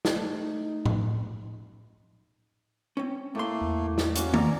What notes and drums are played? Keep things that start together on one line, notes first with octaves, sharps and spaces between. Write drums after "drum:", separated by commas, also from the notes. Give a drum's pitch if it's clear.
drum: snare
A3 D#4
drum: tom A2
C4 C#4
A2 A3 A#3 C6
E2
drum: snare
A#3 C#4 F#4, drum: hi-hat
A#3 D5 A#5, drum: tom